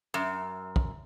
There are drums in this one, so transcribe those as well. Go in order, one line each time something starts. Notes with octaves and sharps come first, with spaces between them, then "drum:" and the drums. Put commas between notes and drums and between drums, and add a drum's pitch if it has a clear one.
F#2
drum: kick